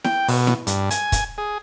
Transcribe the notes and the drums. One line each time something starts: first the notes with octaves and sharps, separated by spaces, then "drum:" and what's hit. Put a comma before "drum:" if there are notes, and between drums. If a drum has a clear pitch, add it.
G5, drum: snare E4
B2, drum: open hi-hat
drum: snare E4
G2, drum: hi-hat
G#5, drum: hi-hat
drum: kick, hi-hat
G#4